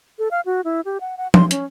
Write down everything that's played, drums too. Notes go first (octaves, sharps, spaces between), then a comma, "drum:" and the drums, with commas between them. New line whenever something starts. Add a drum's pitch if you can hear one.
A4
F5
F#4
E4
G4
F#5
F#5
C6, drum: tom F3
C#4, drum: hi-hat